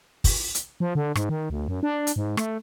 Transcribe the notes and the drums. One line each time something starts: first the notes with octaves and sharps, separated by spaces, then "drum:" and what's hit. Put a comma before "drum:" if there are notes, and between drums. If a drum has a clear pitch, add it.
drum: kick, open hi-hat
drum: hi-hat
F3
D3
G#2, drum: rim click
D#3
D2
F#2
D4
drum: hi-hat
G#2
A3, drum: rim click